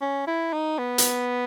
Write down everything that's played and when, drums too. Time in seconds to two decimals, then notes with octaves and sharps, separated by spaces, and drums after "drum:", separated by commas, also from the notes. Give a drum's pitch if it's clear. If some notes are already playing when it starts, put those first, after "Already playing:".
0.01 C#4
0.27 E4
0.53 D#4
0.79 B3
0.98 drum: hi-hat